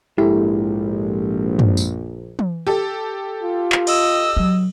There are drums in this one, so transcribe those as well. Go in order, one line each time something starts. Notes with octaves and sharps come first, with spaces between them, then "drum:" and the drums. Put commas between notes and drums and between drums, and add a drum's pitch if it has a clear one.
A#1 G#2 E4 G4 A4
drum: tom
drum: tambourine
drum: tom
G4 A4
F4
drum: clap
D#5 E6, drum: cymbal
F#3